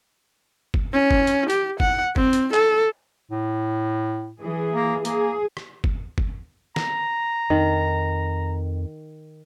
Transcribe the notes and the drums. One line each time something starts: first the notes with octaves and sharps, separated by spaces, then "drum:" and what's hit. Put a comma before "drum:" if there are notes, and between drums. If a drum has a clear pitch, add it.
drum: kick G1
C#4
drum: kick G1
drum: hi-hat
G4, drum: hi-hat
F#5, drum: kick G1
C4, drum: kick G1
drum: hi-hat
A4, drum: clap
A2
E3 G#4
A#3
A#3 G#4, drum: hi-hat
drum: rim click
drum: kick G1
drum: kick G1
A#5, drum: snare
F2 D#3